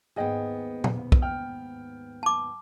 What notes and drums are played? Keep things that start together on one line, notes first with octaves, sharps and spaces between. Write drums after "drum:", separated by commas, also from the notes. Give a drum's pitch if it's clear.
D#2 G#2 B3 G#4 D#5 G5
drum: tom
drum: kick
G5 F6
A5 D6